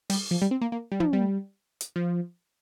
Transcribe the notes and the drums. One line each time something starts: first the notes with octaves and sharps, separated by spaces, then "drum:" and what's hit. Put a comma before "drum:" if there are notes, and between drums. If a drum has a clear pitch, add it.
G3, drum: open hi-hat
F3
G3
C4
A#3
A#3
G3
F3, drum: tom
G3
drum: hi-hat
F3